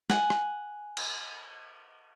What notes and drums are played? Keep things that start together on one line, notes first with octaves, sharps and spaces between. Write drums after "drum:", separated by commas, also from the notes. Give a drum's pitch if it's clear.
F#5 G#5, drum: snare
drum: rim click
drum: cymbal